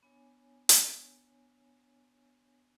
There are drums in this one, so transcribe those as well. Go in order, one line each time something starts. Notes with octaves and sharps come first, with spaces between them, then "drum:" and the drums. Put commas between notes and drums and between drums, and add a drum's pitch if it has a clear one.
B3 D4 C#5 G#5
drum: hi-hat